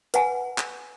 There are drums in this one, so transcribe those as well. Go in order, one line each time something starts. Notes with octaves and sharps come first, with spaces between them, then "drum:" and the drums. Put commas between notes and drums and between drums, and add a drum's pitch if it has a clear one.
B4 F#5 G#5, drum: hi-hat
drum: clap